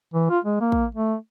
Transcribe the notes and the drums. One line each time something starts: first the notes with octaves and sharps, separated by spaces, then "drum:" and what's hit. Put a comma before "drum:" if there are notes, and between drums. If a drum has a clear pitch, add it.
E3
F4
G#3
A#3
drum: kick
A3